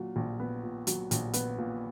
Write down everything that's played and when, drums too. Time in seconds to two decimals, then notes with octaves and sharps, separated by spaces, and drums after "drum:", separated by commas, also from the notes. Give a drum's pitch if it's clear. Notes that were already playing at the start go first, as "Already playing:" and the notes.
Already playing: A#2 F#3
0.16 A#1
0.40 B3
0.63 A#2
0.87 F#3, drum: hi-hat
1.11 A#1, drum: hi-hat
1.33 B3, drum: hi-hat
1.58 A#2